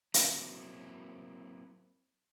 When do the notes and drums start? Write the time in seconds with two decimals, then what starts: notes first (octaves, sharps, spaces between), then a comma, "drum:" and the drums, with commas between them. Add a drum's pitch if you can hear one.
0.14 F#3 A#3 C4 E4, drum: hi-hat